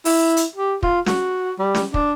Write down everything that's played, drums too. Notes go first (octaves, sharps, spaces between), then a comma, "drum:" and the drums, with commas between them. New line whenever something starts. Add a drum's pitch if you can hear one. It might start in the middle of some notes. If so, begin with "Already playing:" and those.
E4, drum: open hi-hat
drum: hi-hat
G4
F4, drum: kick
F#4, drum: snare
G3
drum: snare
D4, drum: kick